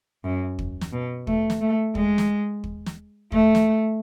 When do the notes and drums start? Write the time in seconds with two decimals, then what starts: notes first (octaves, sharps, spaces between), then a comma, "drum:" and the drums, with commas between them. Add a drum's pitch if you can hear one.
0.24 F#2
0.59 drum: kick
0.81 drum: snare
0.93 B2
1.27 A3, drum: kick
1.50 drum: snare
1.61 A3
1.95 G#3, drum: kick
2.18 drum: snare
2.64 drum: kick
2.86 drum: snare
3.32 A3, drum: kick
3.55 drum: snare